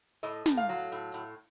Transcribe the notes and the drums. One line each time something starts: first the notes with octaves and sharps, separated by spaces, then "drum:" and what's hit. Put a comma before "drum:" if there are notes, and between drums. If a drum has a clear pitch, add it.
A2 D#5
A2, drum: snare
F5
F#3
A2
A2